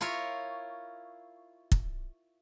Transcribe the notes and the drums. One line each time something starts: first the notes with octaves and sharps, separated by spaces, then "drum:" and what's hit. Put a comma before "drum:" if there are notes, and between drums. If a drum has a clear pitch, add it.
E4 F4 A#4 C#5
drum: kick